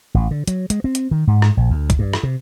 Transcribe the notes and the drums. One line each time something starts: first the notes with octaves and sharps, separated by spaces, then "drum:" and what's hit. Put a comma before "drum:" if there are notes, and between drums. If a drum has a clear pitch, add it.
A1
D3
F#3, drum: hi-hat
G#3, drum: hi-hat
C4
drum: hi-hat
D#3
G#2
drum: rim click
A#1
D2
drum: kick, hi-hat
G2
drum: rim click
C3